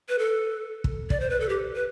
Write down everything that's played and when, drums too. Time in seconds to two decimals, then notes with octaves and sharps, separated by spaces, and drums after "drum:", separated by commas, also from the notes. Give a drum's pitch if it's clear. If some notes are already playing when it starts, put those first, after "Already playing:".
0.09 B4
0.19 A4
0.84 drum: kick
1.10 D5, drum: kick
1.20 C5
1.30 B4
1.40 A4
1.49 G4
1.76 B4